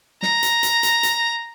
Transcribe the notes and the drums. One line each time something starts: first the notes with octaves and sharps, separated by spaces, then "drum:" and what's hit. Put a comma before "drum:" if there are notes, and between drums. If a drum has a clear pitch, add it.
A#5, drum: snare
drum: hi-hat
drum: hi-hat
drum: hi-hat
drum: hi-hat